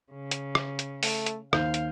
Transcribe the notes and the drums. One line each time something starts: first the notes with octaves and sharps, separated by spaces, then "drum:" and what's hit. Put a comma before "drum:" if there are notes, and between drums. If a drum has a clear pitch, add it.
C#3
drum: hi-hat
drum: rim click
drum: hi-hat
A3, drum: open hi-hat
drum: hi-hat
D#2 C5 F5 G6, drum: rim click
drum: hi-hat